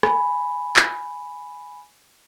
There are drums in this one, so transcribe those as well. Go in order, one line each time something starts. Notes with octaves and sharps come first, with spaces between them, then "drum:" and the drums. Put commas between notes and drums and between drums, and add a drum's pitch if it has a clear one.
G#5 B5, drum: rim click
drum: clap